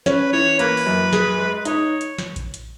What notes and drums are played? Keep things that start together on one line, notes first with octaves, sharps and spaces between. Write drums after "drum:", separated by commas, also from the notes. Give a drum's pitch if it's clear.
C#4 B4, drum: snare
E3 C#5
A#3 B4, drum: hi-hat
drum: open hi-hat
F#2
G#4, drum: snare
G#3
B4
D#4 C#5, drum: hi-hat
drum: hi-hat
drum: snare
drum: kick A1, hi-hat
drum: hi-hat